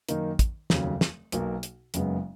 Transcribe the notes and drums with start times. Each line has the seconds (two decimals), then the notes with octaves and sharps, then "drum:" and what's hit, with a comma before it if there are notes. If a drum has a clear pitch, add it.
0.09 F#2 D#3 A#3 D#4, drum: hi-hat
0.39 drum: kick, hi-hat
0.70 F1 D#2 C#3 F#3, drum: snare
1.01 drum: snare
1.32 B1 B2 A#3, drum: hi-hat
1.63 drum: hi-hat
1.94 F#1 F#2 C#3 G#3 B3, drum: hi-hat